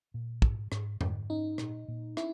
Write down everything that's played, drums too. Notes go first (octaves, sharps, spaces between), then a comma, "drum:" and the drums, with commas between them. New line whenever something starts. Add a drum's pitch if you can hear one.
A#2
G#2, drum: kick
G#2, drum: rim click
G#2, drum: tom F2
C#4 D#4
A#2, drum: rim click
A#2
C#4 E4, drum: rim click